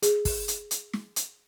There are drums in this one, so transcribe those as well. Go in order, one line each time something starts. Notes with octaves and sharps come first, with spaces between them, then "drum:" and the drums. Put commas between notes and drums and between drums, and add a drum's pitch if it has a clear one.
G#4, drum: hi-hat
drum: kick, open hi-hat
drum: hi-hat
drum: hi-hat
drum: snare
drum: hi-hat